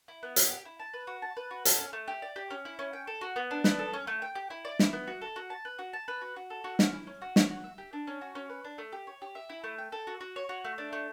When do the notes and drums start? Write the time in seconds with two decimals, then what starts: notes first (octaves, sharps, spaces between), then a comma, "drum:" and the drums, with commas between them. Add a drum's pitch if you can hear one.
0.08 E4
0.23 B3
0.36 F#5, drum: hi-hat
0.51 G4
0.65 E4
0.79 A5
0.94 B4
1.07 F#4
1.22 A5
1.37 B4
1.51 F#4
1.65 A4, drum: hi-hat
1.79 C#4
1.93 A3
2.08 G4
2.22 D5
2.36 G4
2.50 C#4
2.65 E4
2.79 C#4
2.93 G5
3.07 A4
3.21 F#4
3.36 B3
3.51 D4
3.64 B3, drum: snare
3.79 A4
3.93 C#4
4.07 A3
4.22 G5
4.35 G4
4.50 E4
4.65 D5
4.79 E4, drum: snare
4.93 B3
5.07 F#4
5.21 A4
5.36 F#4
5.50 A5
5.65 B4
5.79 F#4
5.93 A5
6.08 B4
6.21 F#4
6.36 F#4
6.50 A4
6.64 F#4
6.79 C#4, drum: snare
6.93 E4
7.07 C#4
7.22 F#4
7.36 C#5, drum: snare
7.50 F#4
7.64 E5
7.78 G4
7.93 D4
8.07 C#4
8.21 F#4
8.35 C#4
8.49 B4
8.64 D4
8.78 A3
8.92 G4
9.07 C#5
9.22 G4
9.35 E5
9.49 E4
9.64 A3
9.78 G5
9.92 A4
10.07 F#4
10.21 F#4
10.36 C#5
10.49 F#4
10.64 A3
10.78 D4
10.93 A3